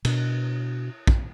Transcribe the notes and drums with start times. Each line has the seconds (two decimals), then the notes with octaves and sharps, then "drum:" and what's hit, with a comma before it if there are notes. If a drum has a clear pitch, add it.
0.05 B2 D4, drum: cymbal
1.07 drum: kick